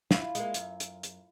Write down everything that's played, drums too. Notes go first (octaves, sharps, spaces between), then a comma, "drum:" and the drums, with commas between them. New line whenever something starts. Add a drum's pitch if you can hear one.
E4 F4, drum: snare
G#3 A#3, drum: hi-hat
F#2, drum: hi-hat
drum: hi-hat
drum: hi-hat